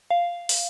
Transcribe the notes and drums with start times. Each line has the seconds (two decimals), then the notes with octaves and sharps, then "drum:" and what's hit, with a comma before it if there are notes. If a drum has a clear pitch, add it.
0.10 F5
0.49 drum: open hi-hat